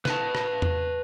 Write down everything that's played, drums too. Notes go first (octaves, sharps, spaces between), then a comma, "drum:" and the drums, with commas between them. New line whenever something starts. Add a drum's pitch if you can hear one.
B4 A5, drum: snare
drum: rim click
drum: tom E2